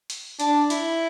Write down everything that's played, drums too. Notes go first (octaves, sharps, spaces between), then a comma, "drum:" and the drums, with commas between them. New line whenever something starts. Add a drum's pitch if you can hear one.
drum: hi-hat
D4, drum: hi-hat
E4, drum: hi-hat